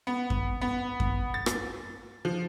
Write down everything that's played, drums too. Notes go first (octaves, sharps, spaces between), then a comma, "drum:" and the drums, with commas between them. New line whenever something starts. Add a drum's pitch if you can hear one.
B3
drum: kick F#2
B3
drum: kick F#2
A6
drum: rim click
F3